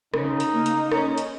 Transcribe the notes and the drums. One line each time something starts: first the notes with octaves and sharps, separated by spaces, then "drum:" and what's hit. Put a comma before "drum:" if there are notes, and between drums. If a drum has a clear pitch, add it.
C#3 D#4, drum: rim click
drum: hi-hat
A#3
drum: hi-hat
C#4, drum: rim click
drum: hi-hat